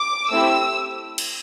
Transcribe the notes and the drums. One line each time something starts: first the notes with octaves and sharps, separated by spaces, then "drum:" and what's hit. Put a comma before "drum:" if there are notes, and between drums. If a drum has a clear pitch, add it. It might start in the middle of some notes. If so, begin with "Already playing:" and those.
Already playing: D6
A3 C4 E4 G4 E6
drum: cymbal